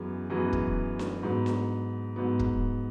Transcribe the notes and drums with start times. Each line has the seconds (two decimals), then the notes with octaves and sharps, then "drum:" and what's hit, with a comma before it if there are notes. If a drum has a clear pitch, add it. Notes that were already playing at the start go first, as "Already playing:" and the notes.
Already playing: F#2 E3 G#3 B3
0.30 F#2 E3 G#3 B3 F#4
0.53 drum: kick
0.99 drum: snare D4
1.23 G#2 F#3 B3
1.46 drum: snare D4
2.16 G#2 F#3 B3
2.39 drum: kick